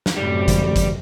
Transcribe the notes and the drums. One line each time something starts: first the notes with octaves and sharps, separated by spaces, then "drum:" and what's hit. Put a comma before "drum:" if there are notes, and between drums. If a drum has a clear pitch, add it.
drum: snare
F#2 A2 C3 G3
D3 F3 G#3, drum: kick G1, hi-hat
drum: kick G1, hi-hat